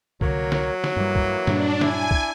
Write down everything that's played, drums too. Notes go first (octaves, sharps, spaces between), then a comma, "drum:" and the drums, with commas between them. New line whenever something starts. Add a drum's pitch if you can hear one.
C2 D3 F#3 A#3 A#4 C#5, drum: kick B1
drum: snare
drum: snare
G2 E3 G3 A#3
drum: kick B1
G2 A#2 G3 D4, drum: snare
D4 E4 G#5, drum: snare
drum: kick B1